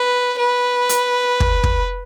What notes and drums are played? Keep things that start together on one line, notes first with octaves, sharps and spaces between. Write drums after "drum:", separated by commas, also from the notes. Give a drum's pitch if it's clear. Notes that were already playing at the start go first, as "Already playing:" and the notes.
Already playing: B4
B4
drum: hi-hat
drum: kick
drum: kick